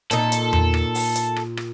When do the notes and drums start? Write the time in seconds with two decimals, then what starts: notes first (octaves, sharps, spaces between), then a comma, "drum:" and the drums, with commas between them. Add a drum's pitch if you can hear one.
0.11 A#2 D#4 A4, drum: hi-hat
0.32 drum: hi-hat
0.53 drum: tom E2
0.74 drum: rim click
0.95 drum: open hi-hat
1.15 drum: hi-hat
1.36 drum: rim click
1.57 drum: rim click